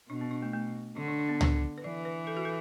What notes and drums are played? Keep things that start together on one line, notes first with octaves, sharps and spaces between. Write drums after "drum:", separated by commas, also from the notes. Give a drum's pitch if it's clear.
B2 D4
B3
D4
A3
A3
D3 D4
D4
D4
B3
D4, drum: tom C#2
B4
E3 D5
B4
A4
F#4
A4